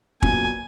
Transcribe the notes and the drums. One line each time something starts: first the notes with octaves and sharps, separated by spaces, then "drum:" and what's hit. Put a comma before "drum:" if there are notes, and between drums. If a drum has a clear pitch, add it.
A#2 F#3 B3 G#5, drum: kick